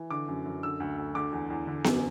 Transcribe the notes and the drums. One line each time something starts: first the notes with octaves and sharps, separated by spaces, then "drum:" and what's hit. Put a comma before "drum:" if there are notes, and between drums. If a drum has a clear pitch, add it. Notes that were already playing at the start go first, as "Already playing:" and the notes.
Already playing: E3
D3 D6
F#2
F#2
D3 E6
D2
D2
D3 D6
E2
E2
D3
F#2, drum: snare B3